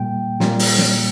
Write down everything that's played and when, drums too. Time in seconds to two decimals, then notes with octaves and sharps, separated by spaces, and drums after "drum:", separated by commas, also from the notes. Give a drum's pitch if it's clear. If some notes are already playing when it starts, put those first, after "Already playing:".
Already playing: A#2 G3 A#3 G5
0.40 A#2 G3 A#3, drum: snare
0.59 drum: open hi-hat
0.78 drum: snare